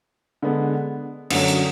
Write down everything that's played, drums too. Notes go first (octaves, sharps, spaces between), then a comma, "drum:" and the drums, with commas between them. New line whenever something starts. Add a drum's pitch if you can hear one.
D3 G#3 B3
F#2 D3 F#3, drum: cymbal
drum: hi-hat